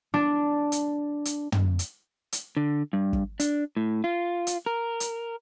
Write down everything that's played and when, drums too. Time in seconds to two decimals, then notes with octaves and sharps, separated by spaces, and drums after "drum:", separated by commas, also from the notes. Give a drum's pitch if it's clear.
0.14 D4
0.72 drum: hi-hat
1.25 drum: hi-hat
1.52 drum: tom
1.79 drum: hi-hat
2.33 drum: hi-hat
2.57 D3
2.93 G2
3.13 drum: kick
3.40 D4, drum: hi-hat
3.77 A2
4.04 F4
4.47 drum: hi-hat
4.66 A#4
5.00 drum: hi-hat